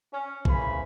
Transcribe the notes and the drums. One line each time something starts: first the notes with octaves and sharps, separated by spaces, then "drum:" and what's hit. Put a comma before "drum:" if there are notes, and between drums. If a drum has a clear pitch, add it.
C#4
C#3 E3 A#3 C4 G#5 B5, drum: kick